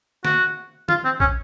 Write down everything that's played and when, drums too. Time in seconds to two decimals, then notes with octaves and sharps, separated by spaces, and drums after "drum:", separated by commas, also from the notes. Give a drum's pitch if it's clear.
0.25 F#4, drum: snare
0.89 F4, drum: tom
1.05 C4
1.20 C#4, drum: kick A#1